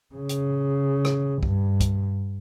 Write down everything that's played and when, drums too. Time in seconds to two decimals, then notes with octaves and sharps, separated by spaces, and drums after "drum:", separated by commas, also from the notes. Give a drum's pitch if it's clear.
0.15 C#3
0.29 drum: hi-hat
1.05 drum: rim click
1.43 G2, drum: kick
1.80 drum: kick, hi-hat